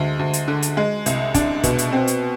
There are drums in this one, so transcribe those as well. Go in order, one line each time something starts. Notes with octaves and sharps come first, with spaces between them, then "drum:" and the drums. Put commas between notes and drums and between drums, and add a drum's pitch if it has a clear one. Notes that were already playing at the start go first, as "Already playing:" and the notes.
Already playing: D2 G#3
D2
drum: hi-hat
D3
drum: hi-hat
G#3
C2, drum: hi-hat
D4, drum: kick, hi-hat
B2, drum: kick, hi-hat
drum: hi-hat
C4
drum: hi-hat